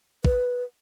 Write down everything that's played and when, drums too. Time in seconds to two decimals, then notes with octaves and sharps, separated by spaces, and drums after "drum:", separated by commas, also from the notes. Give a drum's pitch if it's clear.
0.25 B4, drum: kick